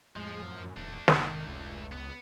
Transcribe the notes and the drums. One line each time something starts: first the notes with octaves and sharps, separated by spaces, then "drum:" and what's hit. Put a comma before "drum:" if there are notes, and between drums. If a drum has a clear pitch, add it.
F2 A2 F3 G#3
F#2
D#1 A3 D4
F1 G#2 C3 D#3, drum: snare
C#2
B3